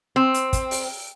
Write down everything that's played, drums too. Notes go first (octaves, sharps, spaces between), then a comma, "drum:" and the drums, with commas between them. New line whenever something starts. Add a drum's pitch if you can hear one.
C4
drum: hi-hat
drum: kick, hi-hat
drum: open hi-hat